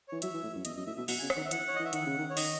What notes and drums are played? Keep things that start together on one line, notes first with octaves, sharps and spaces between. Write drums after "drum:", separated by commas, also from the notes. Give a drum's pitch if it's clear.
E3 C#5
F#3 E5, drum: hi-hat
E3
A2
F#2
E2 D#5, drum: hi-hat
F#2 D#5
A2 E5
B2 E5
B2 F#5, drum: open hi-hat
C#3 G#5
F#5, drum: rim click
D#3
E5
E3 F#5, drum: hi-hat
C#5
E3 D#5
E5
D#3 F#5, drum: hi-hat
C#3
D#3
C#5
D#3 D#5, drum: open hi-hat